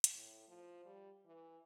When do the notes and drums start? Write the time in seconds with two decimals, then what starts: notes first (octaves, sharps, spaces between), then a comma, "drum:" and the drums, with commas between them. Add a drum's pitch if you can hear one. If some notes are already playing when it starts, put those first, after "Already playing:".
0.04 drum: hi-hat
0.14 A2
0.48 F3
0.85 G3
1.25 E3